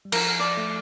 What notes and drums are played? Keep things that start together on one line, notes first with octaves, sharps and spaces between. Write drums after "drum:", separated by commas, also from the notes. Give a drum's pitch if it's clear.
G3
F3 A#4, drum: cymbal
D5
A3